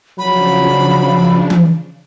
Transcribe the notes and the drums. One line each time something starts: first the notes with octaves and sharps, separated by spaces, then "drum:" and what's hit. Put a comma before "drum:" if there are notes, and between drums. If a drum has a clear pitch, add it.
C#3 F3 F#3 D4 B5
drum: tom E3